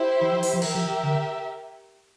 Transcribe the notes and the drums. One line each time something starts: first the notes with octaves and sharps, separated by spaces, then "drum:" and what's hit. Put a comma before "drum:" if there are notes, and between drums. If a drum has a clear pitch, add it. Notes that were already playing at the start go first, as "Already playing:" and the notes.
Already playing: E4 G4 C5 E5
E3
F3
E3, drum: open hi-hat
F3
E3 G4 A#4 E5, drum: cymbal
F3
E3
D3